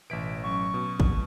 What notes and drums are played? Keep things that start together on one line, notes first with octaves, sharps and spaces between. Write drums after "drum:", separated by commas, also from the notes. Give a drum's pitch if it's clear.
A1 B2 E3 B6 D7
F#3 C#4 C#6
B2
G#1, drum: kick